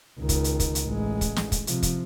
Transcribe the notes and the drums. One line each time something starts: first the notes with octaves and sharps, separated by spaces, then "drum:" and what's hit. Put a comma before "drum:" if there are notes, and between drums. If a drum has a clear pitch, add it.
C#2 D#3
drum: kick, hi-hat
drum: hi-hat
drum: kick, hi-hat
drum: hi-hat
A1 G#3
drum: kick, hi-hat
drum: snare
drum: kick, hi-hat
C3 F3, drum: hi-hat
drum: kick, hi-hat